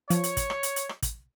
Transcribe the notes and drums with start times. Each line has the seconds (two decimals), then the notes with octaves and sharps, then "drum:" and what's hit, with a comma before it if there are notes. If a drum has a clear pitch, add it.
0.10 F3 C#5, drum: hi-hat
0.24 drum: hi-hat
0.37 drum: kick, hi-hat
0.50 drum: rim click
0.63 drum: hi-hat
0.76 drum: hi-hat
0.89 drum: rim click
1.02 drum: kick, hi-hat